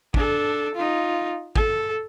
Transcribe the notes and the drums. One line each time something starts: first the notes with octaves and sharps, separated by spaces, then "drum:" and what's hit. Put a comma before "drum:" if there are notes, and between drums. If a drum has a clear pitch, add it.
D4 A4, drum: kick
D#4 F4
A4, drum: kick